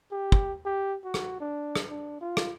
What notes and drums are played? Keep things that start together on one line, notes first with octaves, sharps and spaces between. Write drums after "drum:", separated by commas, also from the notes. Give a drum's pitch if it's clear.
G4
drum: kick
G4
F#4
drum: rim click
D4
drum: rim click
D4
F4
drum: rim click